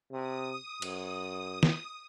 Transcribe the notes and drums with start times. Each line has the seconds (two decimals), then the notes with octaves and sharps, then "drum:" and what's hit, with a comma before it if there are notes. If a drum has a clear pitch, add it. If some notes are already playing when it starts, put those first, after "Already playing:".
0.12 C3 D#6
0.82 F#2, drum: cymbal
1.63 drum: snare